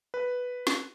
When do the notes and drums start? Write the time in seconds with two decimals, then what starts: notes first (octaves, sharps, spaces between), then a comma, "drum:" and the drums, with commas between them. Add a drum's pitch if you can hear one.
0.14 B4
0.67 drum: snare